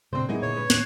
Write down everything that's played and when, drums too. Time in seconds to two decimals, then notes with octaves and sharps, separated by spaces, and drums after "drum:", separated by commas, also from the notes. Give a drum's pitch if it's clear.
0.13 A#2 C#3 C4 D4 C5
0.29 A2 F#3 G3 A#3 B3 D#4 E4 G#4
0.42 A#2 D3 C#5
0.56 C#4 B4
0.70 A2 D#3 F#6 C7, drum: snare